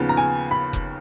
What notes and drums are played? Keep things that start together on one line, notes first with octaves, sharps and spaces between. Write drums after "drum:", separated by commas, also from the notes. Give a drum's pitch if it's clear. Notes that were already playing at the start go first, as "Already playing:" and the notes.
Already playing: D#2 C#3 F3 B3
A#5
G#5
B5
drum: kick F1